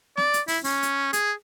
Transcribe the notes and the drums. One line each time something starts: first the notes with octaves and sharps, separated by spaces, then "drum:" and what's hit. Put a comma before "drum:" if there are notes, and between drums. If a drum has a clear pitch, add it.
D5, drum: snare
drum: hi-hat
E4, drum: open hi-hat
C#4, drum: open hi-hat
drum: hi-hat
G#4, drum: hi-hat